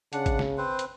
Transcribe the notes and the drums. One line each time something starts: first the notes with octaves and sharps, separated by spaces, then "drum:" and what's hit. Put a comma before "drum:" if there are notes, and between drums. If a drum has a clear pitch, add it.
C#3 D4 F#5, drum: hi-hat
drum: kick, hi-hat
drum: snare
C4 B4 C5
drum: hi-hat